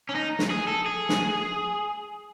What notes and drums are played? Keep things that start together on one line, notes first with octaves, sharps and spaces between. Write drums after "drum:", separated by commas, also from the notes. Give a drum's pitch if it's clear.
C#4
D#4
drum: snare
G#4
A4
G#4
drum: snare